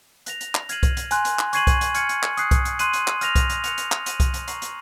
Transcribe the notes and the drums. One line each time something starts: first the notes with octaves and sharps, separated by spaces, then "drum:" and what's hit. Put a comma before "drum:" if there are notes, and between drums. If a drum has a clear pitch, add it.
F#6 A#6 F7, drum: hi-hat
drum: hi-hat
drum: clap
F6 G#6 C7 D#7 F#7, drum: hi-hat
drum: kick C2, hi-hat
drum: hi-hat
G#5 C6 F#6, drum: hi-hat
drum: hi-hat
drum: clap
C#6 G#6 C7 D#7 F#7, drum: hi-hat
drum: kick C2, hi-hat
drum: hi-hat
F6 G#6 C#7, drum: hi-hat
drum: hi-hat
drum: clap
D#6 F#6 C7, drum: hi-hat
drum: kick C2, hi-hat
drum: hi-hat
C6 F#6 C7 D#7 F#7, drum: hi-hat
drum: hi-hat
drum: clap
F6 A#6 F7, drum: hi-hat
drum: kick C2, hi-hat
drum: hi-hat
F#6 C#7 F7, drum: hi-hat
drum: hi-hat
drum: clap
F#6 A#6 D#7 F#7, drum: hi-hat
drum: kick C2, hi-hat
drum: hi-hat
A#5 C#6 F#6 C7 F#7, drum: hi-hat
drum: hi-hat